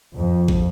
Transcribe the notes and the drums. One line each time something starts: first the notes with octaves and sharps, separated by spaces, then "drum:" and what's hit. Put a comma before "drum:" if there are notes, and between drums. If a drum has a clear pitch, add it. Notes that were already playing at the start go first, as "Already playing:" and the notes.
F2
drum: kick